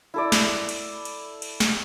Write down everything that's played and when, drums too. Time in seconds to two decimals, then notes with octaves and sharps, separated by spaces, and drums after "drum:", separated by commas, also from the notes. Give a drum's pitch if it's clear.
0.14 E4 A4 D5
0.32 drum: snare
0.69 drum: cymbal
1.05 drum: cymbal
1.42 drum: cymbal
1.60 drum: snare